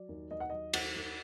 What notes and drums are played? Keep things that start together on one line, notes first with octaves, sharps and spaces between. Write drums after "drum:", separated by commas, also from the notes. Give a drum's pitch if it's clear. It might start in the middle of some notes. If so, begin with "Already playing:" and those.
Already playing: F#3 D5
D#2
D#2 D#5
F#5
F#3 D#5
D#2 F#5, drum: cymbal
D#2